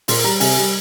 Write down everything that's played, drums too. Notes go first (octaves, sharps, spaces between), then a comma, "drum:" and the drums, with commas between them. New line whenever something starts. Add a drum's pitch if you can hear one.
A#2 C6, drum: open hi-hat
G3 A#5
C3 G#5, drum: open hi-hat
G3